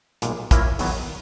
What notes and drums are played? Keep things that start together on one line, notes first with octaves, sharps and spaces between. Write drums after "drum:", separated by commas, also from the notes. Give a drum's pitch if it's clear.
B1 A#2 G#3 B3, drum: hi-hat
A#2 A#3 E4 A#4 C#5, drum: kick, hi-hat
E2 D#3 F#3 B3 F#4, drum: open hi-hat